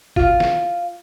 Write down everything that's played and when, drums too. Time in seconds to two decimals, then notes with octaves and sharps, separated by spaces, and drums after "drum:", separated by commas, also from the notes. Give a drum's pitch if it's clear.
0.16 F4, drum: kick
0.40 drum: snare